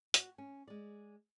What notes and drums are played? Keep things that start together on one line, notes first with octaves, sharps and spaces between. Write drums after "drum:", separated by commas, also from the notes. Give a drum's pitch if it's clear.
F#4, drum: hi-hat
C#4
G#3 D5